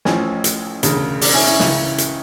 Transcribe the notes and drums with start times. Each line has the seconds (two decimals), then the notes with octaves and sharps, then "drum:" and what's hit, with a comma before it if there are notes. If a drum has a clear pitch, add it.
0.05 A1 A2 F3 C#4, drum: snare
0.44 drum: hi-hat
0.83 E1 D2 C#3, drum: hi-hat
1.21 D4, drum: open hi-hat
1.34 C#4 E4
1.46 C#4 E4
1.60 C#2 C#3 E3, drum: snare
1.98 drum: hi-hat